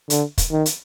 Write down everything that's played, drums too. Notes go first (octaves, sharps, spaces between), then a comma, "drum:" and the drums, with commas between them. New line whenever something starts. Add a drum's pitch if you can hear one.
D3, drum: hi-hat
drum: kick, hi-hat
D#3
drum: hi-hat